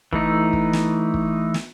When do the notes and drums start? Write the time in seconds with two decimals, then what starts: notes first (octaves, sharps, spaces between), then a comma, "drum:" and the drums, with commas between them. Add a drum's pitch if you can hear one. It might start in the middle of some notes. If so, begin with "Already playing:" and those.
0.13 E3 A3 D#4, drum: kick
0.53 drum: kick
0.73 drum: snare
1.14 drum: kick
1.54 drum: snare